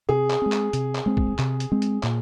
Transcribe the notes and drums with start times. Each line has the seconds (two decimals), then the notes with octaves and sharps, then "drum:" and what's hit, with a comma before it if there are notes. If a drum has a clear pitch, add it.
0.09 C3 G#4
0.30 drum: clap
0.42 G#3 C4
0.52 drum: clap
0.73 C3, drum: hi-hat
0.95 drum: clap
1.06 G#3 C4
1.17 drum: kick
1.39 C3, drum: clap
1.60 drum: hi-hat
1.72 G#3 C4
1.82 drum: hi-hat
2.03 A#2, drum: clap